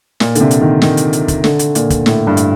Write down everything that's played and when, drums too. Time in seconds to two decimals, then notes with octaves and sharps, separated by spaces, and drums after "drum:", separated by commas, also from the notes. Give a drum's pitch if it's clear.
0.20 A#2, drum: snare
0.35 D3, drum: hi-hat
0.41 C3
0.51 drum: hi-hat
0.61 D#3
0.82 D#3, drum: snare
0.97 drum: hi-hat
1.13 drum: hi-hat
1.28 drum: kick, hi-hat
1.44 D3, drum: snare
1.59 drum: hi-hat
1.75 A#2, drum: hi-hat
1.90 drum: kick, hi-hat
2.06 A2, drum: snare
2.27 G2
2.37 drum: hi-hat